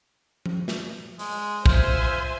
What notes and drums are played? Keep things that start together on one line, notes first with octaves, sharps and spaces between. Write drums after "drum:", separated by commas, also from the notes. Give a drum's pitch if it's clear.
drum: tom F3
drum: snare
G#3, drum: open hi-hat
F4 C5 E5 G#5, drum: kick